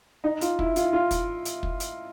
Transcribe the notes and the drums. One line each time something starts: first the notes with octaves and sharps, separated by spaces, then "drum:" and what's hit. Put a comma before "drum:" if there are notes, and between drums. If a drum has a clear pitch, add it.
D#4
F4, drum: hi-hat
E4, drum: kick
F4, drum: hi-hat
F4
drum: kick, hi-hat
drum: hi-hat
drum: kick
drum: hi-hat